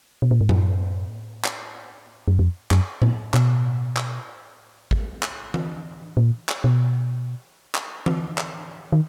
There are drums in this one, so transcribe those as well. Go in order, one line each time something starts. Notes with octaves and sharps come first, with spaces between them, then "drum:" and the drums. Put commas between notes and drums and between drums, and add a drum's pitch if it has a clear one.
B2
A#2
G#2
F#2, drum: tom A2
drum: clap
F#2
F2
F#2, drum: clap
A#2, drum: tom A2
B2, drum: clap
drum: clap
drum: kick G#1
drum: clap
drum: tom E3
A#2
drum: clap
B2
drum: clap
drum: tom E3
drum: clap
D#3